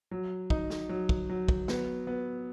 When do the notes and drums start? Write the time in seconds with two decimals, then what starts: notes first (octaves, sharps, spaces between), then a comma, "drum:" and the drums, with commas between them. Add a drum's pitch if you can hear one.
0.11 F#3
0.50 D#4, drum: kick
0.70 drum: snare
0.89 F#3
1.09 drum: kick
1.30 F#3
1.48 drum: kick
1.68 B3, drum: snare
2.07 B3